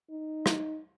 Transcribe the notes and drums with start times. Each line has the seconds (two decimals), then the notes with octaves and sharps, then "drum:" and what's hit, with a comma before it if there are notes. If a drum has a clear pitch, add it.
0.10 D#4
0.46 drum: rim click